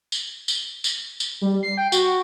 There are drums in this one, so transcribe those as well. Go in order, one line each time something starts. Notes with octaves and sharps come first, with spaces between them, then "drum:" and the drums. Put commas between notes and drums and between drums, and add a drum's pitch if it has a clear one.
drum: tambourine
drum: tambourine
drum: tambourine
drum: tambourine
G3
C7
G5
F#4, drum: tambourine